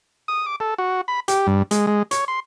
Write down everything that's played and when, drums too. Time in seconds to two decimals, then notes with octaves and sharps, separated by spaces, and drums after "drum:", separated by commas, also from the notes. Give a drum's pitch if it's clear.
0.28 D#6
0.46 D6
0.60 A4
0.78 F#4
1.08 B5
1.28 G4, drum: hi-hat
1.47 G2
1.71 G#3, drum: hi-hat
1.87 G#3
2.11 C#5, drum: hi-hat
2.28 C6